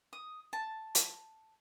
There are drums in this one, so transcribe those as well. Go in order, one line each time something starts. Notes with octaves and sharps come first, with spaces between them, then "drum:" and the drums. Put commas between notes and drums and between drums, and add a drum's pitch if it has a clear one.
D#6
A5
drum: hi-hat